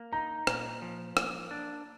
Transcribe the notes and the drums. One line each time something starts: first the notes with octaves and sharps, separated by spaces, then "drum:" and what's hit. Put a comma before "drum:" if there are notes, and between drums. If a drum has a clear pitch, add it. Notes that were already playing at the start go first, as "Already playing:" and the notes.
Already playing: A#3
D#4 A#5
A#2, drum: rim click
F3
A#3, drum: rim click
D4